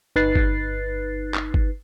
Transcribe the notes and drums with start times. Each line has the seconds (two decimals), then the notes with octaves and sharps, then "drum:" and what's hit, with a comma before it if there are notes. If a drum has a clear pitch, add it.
0.16 G1 D#4 B4 F#6 A6 C7
0.35 drum: kick G1
1.34 drum: clap
1.54 drum: kick G1